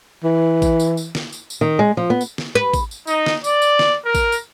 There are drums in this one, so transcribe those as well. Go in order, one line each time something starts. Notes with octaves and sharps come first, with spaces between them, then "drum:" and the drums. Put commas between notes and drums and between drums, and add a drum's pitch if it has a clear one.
E3
drum: kick A1, tambourine
drum: tambourine
drum: tambourine
drum: snare
drum: tambourine
drum: tambourine
D#3
G#3
F3
B3
drum: tambourine
drum: snare
B4
drum: kick A1, tambourine
drum: tambourine
D#4, drum: tambourine
drum: snare
D5, drum: tambourine
drum: tambourine
drum: snare
A#4
drum: kick A1, tambourine
drum: tambourine